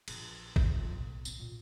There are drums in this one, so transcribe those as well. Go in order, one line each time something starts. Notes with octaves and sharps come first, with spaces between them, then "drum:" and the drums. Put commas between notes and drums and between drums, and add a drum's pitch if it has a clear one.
A#1, drum: cymbal
D3, drum: kick
F2 F3
B1 A2
C#4, drum: tambourine
A#2